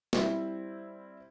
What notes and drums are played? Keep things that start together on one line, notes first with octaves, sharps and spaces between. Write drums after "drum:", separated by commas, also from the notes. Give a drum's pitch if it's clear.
G3 C4 E4, drum: snare